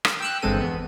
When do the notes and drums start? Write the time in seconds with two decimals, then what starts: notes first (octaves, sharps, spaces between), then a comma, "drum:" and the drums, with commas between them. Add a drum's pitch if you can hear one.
0.05 drum: rim click
0.20 G5 E6 F#6
0.42 G1 E2 G#3 C4 A4 D#7
0.61 E2 B3